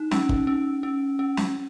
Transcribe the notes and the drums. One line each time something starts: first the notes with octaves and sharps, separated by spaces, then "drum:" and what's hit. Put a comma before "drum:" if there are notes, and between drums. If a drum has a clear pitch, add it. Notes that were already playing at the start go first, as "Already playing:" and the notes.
Already playing: D#4
C#4, drum: snare
drum: kick
C#4
C#4
C#4
drum: snare